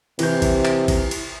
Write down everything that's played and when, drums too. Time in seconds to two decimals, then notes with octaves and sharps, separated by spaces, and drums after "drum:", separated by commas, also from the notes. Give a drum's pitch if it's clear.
0.19 C3 E3 G6, drum: cymbal
0.42 drum: kick G#1, cymbal
0.65 drum: clap
0.88 drum: kick G#1, cymbal
1.11 drum: cymbal